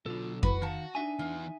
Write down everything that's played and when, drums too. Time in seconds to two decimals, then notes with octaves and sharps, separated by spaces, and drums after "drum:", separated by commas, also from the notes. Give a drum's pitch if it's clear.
0.06 B2 D3 F#3 F4 A4
0.43 E4 F#4 B4, drum: kick F2
0.62 D#3 F5 A5 A#5
0.95 D4 D#4 E5 G#5
1.19 E3 B3 F4